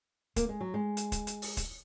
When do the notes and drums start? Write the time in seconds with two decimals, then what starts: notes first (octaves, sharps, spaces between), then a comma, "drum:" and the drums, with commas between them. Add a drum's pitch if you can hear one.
0.36 A#3, drum: kick, hi-hat
0.49 G#3
0.61 F#3
0.74 G#3
0.97 drum: hi-hat
1.12 drum: kick, hi-hat
1.27 drum: hi-hat
1.42 drum: open hi-hat
1.57 drum: kick, hi-hat